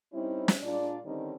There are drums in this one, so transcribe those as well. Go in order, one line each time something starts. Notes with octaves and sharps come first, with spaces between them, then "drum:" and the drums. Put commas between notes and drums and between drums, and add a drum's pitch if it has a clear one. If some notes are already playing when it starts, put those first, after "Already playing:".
G3 C4 C#4 D#4 E4
drum: snare
A#2 G#3 D4 F4 D5
D3 D#3 G3 C4 C#4 D#4